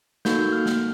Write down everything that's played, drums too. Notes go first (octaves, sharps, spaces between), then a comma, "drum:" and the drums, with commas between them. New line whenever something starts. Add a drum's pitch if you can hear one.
A#3 D#4 F#4 A4 G6, drum: snare
F6
drum: snare